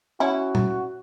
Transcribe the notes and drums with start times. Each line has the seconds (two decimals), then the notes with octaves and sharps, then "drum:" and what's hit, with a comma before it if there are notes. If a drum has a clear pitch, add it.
0.20 C#4 E4 F#4
0.55 drum: tom